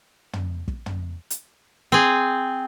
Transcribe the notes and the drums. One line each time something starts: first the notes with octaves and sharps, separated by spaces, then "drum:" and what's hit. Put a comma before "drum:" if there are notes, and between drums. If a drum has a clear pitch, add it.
drum: tom
drum: kick
drum: tom
drum: hi-hat
C4 G#4